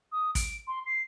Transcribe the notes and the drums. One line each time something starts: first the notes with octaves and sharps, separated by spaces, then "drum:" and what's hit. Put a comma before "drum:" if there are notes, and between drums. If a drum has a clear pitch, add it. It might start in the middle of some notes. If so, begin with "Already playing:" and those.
D#6
D7, drum: kick, hi-hat
C6
C7